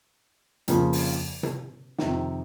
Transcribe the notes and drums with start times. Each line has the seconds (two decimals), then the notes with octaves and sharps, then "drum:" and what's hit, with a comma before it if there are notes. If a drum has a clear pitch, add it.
0.68 F2 C#3 F3 A#3, drum: hi-hat
0.93 drum: open hi-hat
1.43 drum: tom C3
1.98 F2 C3 D#3, drum: snare